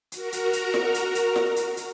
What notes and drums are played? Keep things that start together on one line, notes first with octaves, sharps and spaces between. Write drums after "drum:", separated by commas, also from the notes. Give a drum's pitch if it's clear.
F#4 A#4 A#5, drum: hi-hat
drum: hi-hat
drum: hi-hat
drum: snare
drum: hi-hat
drum: hi-hat
drum: snare
drum: hi-hat
drum: hi-hat